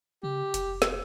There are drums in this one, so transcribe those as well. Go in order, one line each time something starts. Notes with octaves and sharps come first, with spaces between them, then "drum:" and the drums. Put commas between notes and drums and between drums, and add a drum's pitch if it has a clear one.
C#3 G4
F1, drum: hi-hat
drum: snare